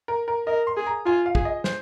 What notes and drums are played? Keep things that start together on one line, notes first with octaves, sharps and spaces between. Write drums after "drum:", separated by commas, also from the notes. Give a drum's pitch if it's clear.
A#4
A#4
A#4 D#5
C6
G#4
A#5
F4 G#5
F5
G#4, drum: kick
D#5
C5, drum: snare